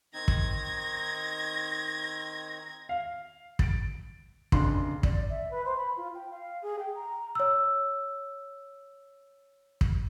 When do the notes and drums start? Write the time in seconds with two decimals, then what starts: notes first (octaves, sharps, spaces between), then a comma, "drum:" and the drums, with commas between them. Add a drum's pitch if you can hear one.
0.14 D#3 C4 D#4 G#6 A#6
0.28 drum: kick
2.89 F5
3.59 A6 D7, drum: kick
4.52 F1 C#3 D4 C6, drum: kick
5.03 D5, drum: kick
5.30 E5
5.51 B4
5.65 C5
5.77 B5
5.97 F4
6.15 G5
6.31 F5
6.62 G#4
6.79 G5
6.95 A#5
7.35 C#5 E6
9.81 drum: kick